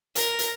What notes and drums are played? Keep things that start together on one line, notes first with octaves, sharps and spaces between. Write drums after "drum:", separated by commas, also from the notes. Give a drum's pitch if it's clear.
A#4, drum: hi-hat
drum: hi-hat